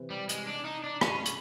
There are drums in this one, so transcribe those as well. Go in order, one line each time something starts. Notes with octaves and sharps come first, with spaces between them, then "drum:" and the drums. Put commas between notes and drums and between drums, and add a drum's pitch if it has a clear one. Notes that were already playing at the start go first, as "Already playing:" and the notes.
Already playing: C3 E3
G3
G#3, drum: hi-hat
D4
D#4
D4
C#4, drum: rim click
drum: hi-hat